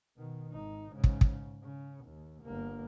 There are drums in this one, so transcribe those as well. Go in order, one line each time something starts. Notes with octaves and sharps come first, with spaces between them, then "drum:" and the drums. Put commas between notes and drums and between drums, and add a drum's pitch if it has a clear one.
B2 D#3
G#1 D#4
G#2 C#3
drum: kick
drum: kick
C#3
D#2
G1 A#3